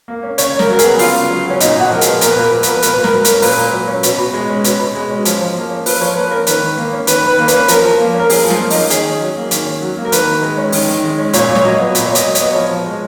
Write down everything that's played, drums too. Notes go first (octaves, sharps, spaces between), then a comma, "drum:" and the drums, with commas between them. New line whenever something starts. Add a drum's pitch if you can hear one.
A#3
C#4
C#3 C#5, drum: hi-hat
C#3
A#4, drum: snare
F#3 A#4
B3 G#4, drum: hi-hat
C#3 F4, drum: open hi-hat
C#3
F#3
B3
C#4
A#2 D#4, drum: hi-hat
A#2 F#4
F3 A#4
G#4, drum: hi-hat
B3
A#2 A#4, drum: hi-hat
B4
A#2 A#4
F3 B4
B3 A#4, drum: hi-hat
B4
A#2 A#4, drum: hi-hat
A#2 B4
A#4, drum: snare
F#3 B4
C#4 A#4, drum: hi-hat
A#4
A#2 B4, drum: open hi-hat
A#2
F#3
C#4
B2, drum: hi-hat
B2
G#3
C#4
B2, drum: hi-hat
B2
G#3
C#4
F3, drum: hi-hat
F3
A#3
C#4
F3 B4, drum: open hi-hat
F3 C#5
A#3 B4
C#4 A#4
D#3 B4, drum: hi-hat
D#3
A#3
C#4
D#3 B4, drum: hi-hat
D#3 B4
A#3
C#4 B4, drum: hi-hat
F3 A#4, drum: hi-hat
F3
A#3
C#4
A#4
F3 G#4, drum: open hi-hat
F3
F4, drum: snare
A#3
C#4 D#4, drum: open hi-hat
D#3 G#4, drum: hi-hat
C#4
F#3
A#3
D#3, drum: hi-hat
C#4
F#3
A#3
A#4
D#3 B4, drum: hi-hat
D#3
G#3
C#4
D#3, drum: open hi-hat
D#3
G#3
C#4
A#2 C#5, drum: hi-hat
A#2
C#5, drum: snare
F#3 D#5
B3
A#2, drum: hi-hat
A#2 C#5
D#5, drum: hi-hat
F#3
C#5, drum: hi-hat
B3 D#5
F3 C#5
F3
G#3